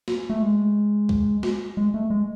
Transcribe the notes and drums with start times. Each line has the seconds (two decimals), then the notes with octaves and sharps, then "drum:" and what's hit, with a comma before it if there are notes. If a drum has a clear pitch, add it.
0.08 drum: snare
0.30 A3
0.42 G#3
1.09 drum: kick
1.43 drum: snare
1.77 G#3
1.94 A3
2.10 G#3